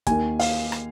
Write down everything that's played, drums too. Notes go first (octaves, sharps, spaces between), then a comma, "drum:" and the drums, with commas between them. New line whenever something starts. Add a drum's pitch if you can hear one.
D#2 D#3 A#3 G#5, drum: kick, hi-hat
F5, drum: open hi-hat
drum: rim click